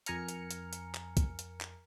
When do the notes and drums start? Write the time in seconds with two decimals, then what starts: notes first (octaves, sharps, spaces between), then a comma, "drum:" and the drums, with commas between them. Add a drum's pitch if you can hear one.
0.06 F2 A#4 G#5 A#5 F6 C#7, drum: hi-hat
0.28 drum: hi-hat
0.51 drum: hi-hat
0.73 drum: hi-hat
0.95 drum: clap
1.17 drum: kick, hi-hat
1.39 drum: hi-hat
1.61 drum: clap